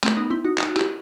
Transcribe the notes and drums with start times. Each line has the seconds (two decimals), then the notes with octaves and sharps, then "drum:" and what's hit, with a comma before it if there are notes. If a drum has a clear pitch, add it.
0.03 A3 C4, drum: clap
0.17 B3 D#4
0.30 C4 E4
0.45 D#4 F#4
0.58 D#4 F#4, drum: clap
0.68 F#4
0.76 E4 G4, drum: clap